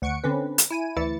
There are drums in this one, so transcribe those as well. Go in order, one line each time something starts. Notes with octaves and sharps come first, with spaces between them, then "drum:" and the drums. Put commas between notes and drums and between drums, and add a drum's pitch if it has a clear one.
D2 F#5 C#6 C#7 D7
D3 C4 C#4 B4
drum: hi-hat
E4 G#5 D#7
D2 E3 E4 A6 C#7